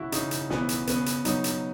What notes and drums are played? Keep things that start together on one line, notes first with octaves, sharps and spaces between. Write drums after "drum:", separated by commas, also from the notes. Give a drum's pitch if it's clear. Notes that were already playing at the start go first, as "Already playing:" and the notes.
Already playing: C#3 E3 E4 F#4
C#3 D#4, drum: hi-hat
drum: hi-hat
E3 B3, drum: snare
drum: hi-hat
C#3 B3, drum: hi-hat
drum: hi-hat
F#3 D#4, drum: hi-hat
drum: hi-hat